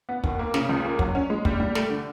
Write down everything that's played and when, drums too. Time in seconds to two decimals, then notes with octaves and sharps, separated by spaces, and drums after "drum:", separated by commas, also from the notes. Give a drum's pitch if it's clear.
0.09 B3
0.24 D#2, drum: kick
0.39 A#3
0.54 C#3, drum: snare
0.69 C#2
0.85 A#3
0.99 F#3, drum: kick
1.15 C#4
1.30 G#3
1.45 G3, drum: kick
1.60 G3
1.75 A3, drum: snare
1.89 D3